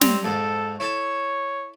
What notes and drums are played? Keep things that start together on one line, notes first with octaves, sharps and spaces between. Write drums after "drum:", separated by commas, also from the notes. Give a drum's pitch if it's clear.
G3 C4 C#4 A#5, drum: snare
F2 G#2 A4
E4 A4 C#5 A5